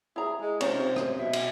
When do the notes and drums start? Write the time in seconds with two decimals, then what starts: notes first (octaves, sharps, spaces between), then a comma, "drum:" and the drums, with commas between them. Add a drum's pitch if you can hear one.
0.16 E4 G#4 A#5
0.41 G#3
0.61 C3 C#4 D#4 F4 C5, drum: cymbal
0.80 C3
0.96 drum: rim click
1.17 B2 E5
1.33 drum: cymbal